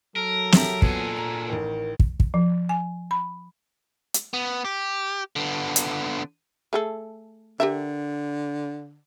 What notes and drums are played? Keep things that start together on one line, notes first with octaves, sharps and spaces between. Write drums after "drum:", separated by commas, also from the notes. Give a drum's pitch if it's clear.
F#3 A4 A#4
G4 E5, drum: snare
A#2 B3 G#4, drum: kick
A#5
A1 D#3 A#4
drum: kick
drum: kick
F3
G#5
B5
drum: hi-hat
B3
G4
D3 B3
drum: hi-hat
A3 G#4 A4
D3 G4 A#4 E5